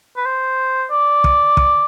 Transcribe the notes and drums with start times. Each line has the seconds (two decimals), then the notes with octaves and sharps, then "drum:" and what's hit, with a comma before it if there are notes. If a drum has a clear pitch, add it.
0.17 B4
0.26 C5
0.91 D5
1.24 drum: kick
1.57 drum: kick